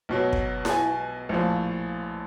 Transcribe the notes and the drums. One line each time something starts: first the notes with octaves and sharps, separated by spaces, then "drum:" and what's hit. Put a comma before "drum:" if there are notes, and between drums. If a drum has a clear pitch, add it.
B1 B2 F#3
drum: kick
A5, drum: snare E4
G#5
A#1 A2 F3